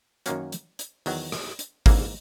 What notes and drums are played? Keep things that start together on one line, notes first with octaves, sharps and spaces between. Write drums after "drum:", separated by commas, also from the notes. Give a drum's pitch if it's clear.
F#2 D#3 A#3 C#4 F#4, drum: hi-hat
drum: hi-hat
drum: hi-hat
E2 D#3 F#3, drum: open hi-hat
drum: rim click
drum: hi-hat
G#2 E3 A#3, drum: kick G#1, open hi-hat